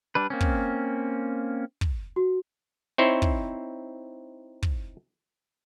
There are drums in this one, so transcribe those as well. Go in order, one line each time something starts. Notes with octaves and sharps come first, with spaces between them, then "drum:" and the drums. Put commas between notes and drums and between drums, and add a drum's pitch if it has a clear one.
G3 D4 B4
A#3 C4 C#4
drum: kick
drum: kick
F#4
C4 D#4 E4 C5 C#5
drum: kick
drum: kick